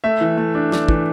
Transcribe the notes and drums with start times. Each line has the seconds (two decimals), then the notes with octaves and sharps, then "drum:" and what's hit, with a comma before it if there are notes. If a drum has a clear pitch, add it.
0.04 A3 E5
0.21 E3
0.37 A3
0.55 D4
0.72 D4, drum: snare
0.88 E3, drum: kick